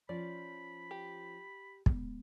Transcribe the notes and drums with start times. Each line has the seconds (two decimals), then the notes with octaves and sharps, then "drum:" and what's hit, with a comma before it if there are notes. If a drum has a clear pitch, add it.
0.09 F3 C#4 D5 B5
0.91 G4
1.86 G#3 B3, drum: kick